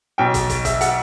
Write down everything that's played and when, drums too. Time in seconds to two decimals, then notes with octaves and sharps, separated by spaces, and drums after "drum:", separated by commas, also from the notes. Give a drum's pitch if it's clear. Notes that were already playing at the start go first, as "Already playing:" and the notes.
0.18 B1 B2 G5
0.34 drum: kick, hi-hat
0.49 drum: kick, hi-hat
0.65 E5, drum: kick, hi-hat
0.81 F#5, drum: hi-hat